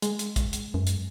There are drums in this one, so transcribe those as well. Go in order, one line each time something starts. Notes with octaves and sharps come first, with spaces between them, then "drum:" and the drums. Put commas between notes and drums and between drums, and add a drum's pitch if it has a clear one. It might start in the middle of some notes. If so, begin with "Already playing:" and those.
G#3, drum: hi-hat
drum: hi-hat
drum: kick, hi-hat
drum: hi-hat
F#2
drum: hi-hat